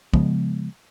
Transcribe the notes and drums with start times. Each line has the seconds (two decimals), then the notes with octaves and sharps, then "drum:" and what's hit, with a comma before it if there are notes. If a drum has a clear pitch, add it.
0.14 C#3 F3 G#3 B3, drum: kick